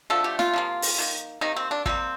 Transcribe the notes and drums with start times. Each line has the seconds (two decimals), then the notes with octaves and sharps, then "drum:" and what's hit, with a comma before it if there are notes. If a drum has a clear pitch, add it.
0.10 D3 F3 A3 A4
0.24 G4
0.39 F4, drum: snare
0.53 C3 F3 A#3
0.82 drum: open hi-hat
0.98 D#3 A#3
1.41 C3 D#3 A#3 D#4
1.56 C4
1.71 D4
1.86 C3 G3 A#3 C4, drum: kick